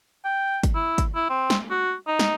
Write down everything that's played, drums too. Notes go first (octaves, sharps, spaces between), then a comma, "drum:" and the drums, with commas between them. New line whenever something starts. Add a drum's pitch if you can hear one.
G5
drum: kick, hi-hat
E4
drum: kick, hi-hat
E4
C4
drum: snare
F#4
D#4
drum: snare